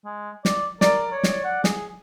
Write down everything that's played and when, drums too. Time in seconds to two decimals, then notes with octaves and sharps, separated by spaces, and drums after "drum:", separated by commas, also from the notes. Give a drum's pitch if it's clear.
0.05 G#3
0.45 D5, drum: snare
0.81 A#4 D5, drum: snare
1.12 C#5
1.23 drum: snare
1.44 F#5
1.64 G#4, drum: snare